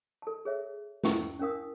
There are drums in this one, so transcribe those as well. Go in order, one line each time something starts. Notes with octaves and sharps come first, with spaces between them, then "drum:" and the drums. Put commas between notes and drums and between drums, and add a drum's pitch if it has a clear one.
A4 A5
G#4 C#5 E5
C#4 E4 C#6, drum: snare
C#4 D4 A#4 F5 D#6